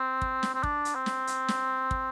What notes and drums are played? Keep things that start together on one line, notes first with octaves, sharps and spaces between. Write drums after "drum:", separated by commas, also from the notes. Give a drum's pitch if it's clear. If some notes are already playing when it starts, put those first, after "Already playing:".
Already playing: C4
drum: kick
drum: snare
C4
D4, drum: kick
drum: hi-hat
C4
drum: snare
drum: hi-hat
drum: snare
drum: kick